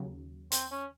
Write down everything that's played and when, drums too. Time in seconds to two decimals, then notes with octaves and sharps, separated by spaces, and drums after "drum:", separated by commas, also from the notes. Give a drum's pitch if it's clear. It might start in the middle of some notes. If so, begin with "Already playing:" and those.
Already playing: D#2 C#3 F#3
0.52 C4, drum: hi-hat
0.72 C#4